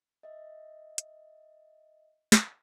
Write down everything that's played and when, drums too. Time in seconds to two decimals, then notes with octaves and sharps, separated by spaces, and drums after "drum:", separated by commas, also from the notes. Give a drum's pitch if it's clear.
0.23 D#5 E5
0.98 drum: hi-hat
2.32 drum: snare